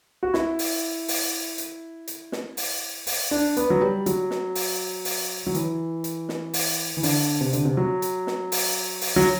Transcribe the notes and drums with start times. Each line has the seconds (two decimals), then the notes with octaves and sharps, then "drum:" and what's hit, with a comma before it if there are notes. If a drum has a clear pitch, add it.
0.23 F#4
0.34 E4, drum: snare
0.59 drum: open hi-hat
1.08 drum: open hi-hat
1.58 drum: hi-hat
2.08 drum: hi-hat
2.32 drum: snare
2.57 drum: open hi-hat
3.07 drum: open hi-hat
3.31 D4
3.57 B3, drum: hi-hat
3.70 F#3
3.82 G3
4.06 F#3, drum: hi-hat
4.31 drum: snare
4.55 drum: open hi-hat
5.05 drum: open hi-hat
5.47 F#3
5.55 E3, drum: hi-hat
6.04 drum: hi-hat
6.29 drum: snare
6.54 drum: open hi-hat
6.97 E3
7.03 D3, drum: open hi-hat
7.41 C3
7.53 D3, drum: hi-hat
7.65 C3
7.77 F#3
8.02 drum: hi-hat
8.27 drum: snare
8.52 drum: open hi-hat
9.01 drum: open hi-hat
9.16 F#3